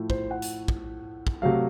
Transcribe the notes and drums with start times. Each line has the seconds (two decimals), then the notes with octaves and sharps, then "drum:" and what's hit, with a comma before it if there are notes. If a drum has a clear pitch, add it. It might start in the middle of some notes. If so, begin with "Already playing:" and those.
Already playing: A2 F3 A3
0.10 C5, drum: kick
0.31 F#5
0.42 drum: hi-hat
0.68 drum: kick
1.27 drum: kick
1.42 C3 F#3 A3 F5